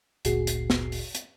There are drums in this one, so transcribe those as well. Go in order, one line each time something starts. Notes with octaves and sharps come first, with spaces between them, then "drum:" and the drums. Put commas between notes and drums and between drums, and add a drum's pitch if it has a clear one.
G1 D2 A#2 F#4 G#4 C7, drum: hi-hat
drum: hi-hat
drum: snare
drum: open hi-hat
drum: hi-hat